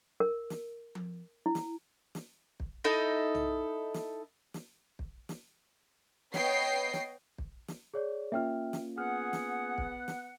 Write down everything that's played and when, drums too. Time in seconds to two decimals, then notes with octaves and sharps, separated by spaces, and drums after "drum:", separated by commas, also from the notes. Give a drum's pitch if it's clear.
0.20 A#4
0.50 drum: snare
0.95 drum: tom F3
1.46 E4
1.55 drum: snare
2.15 drum: snare
2.60 drum: kick
2.84 D#4 E4 A4 D#5
3.34 drum: tom
3.94 drum: snare
4.54 drum: snare
4.99 drum: kick
5.29 drum: snare
6.34 B3 C#5 D#5 G5 C7, drum: snare
6.94 drum: snare
7.38 drum: kick
7.68 drum: snare
7.94 G#4 C#5 D5
8.32 A#3 C#4 F4 E5 G5 F6
8.73 drum: snare
8.98 B3 G#4 F#5 F6
9.33 drum: snare
9.78 drum: kick
10.08 drum: snare